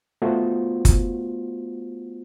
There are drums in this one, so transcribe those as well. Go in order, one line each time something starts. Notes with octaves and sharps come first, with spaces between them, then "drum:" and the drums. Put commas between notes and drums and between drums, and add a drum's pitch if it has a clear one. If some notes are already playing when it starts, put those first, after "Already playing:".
A3 B3 F4 F#4 C5
drum: kick F#1, hi-hat